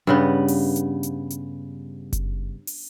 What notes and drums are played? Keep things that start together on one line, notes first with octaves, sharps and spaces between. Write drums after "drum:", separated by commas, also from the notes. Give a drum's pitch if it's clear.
G2 C#3 B3
drum: open hi-hat
drum: hi-hat
drum: hi-hat
drum: hi-hat
drum: kick F#1, hi-hat
drum: open hi-hat